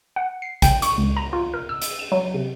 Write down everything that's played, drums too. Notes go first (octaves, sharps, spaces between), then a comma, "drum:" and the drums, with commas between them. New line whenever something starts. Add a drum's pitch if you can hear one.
F#5
C7
G5, drum: kick A1, hi-hat
C#6, drum: hi-hat
C#2
A#5
F4
A#4
E6
drum: hi-hat
E7
F#3
C3